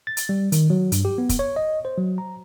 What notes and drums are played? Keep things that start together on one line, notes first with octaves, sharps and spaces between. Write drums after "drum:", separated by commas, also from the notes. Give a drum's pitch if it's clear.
A6
drum: hi-hat
G3
D#3, drum: hi-hat
F#3
G2, drum: hi-hat
G4
B3
drum: kick, hi-hat
C#5
D#5
C5
F#3
A#5